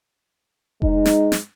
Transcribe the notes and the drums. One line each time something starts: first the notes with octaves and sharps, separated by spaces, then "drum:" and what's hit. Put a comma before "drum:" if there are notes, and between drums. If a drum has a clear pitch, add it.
G#2 G#3 D#4, drum: kick F1
drum: snare
drum: snare